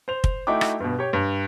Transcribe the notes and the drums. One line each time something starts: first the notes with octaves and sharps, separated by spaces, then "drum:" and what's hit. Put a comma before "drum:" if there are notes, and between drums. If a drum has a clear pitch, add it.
C5 F7
drum: kick
A3 D#4 E4 F#4 G5 D6
drum: rim click
G2 B2
G4 C#5
G2